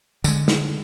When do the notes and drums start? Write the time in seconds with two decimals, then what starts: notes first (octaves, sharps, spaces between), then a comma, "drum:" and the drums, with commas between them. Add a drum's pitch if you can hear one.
0.24 D3 G#3, drum: tambourine
0.48 drum: snare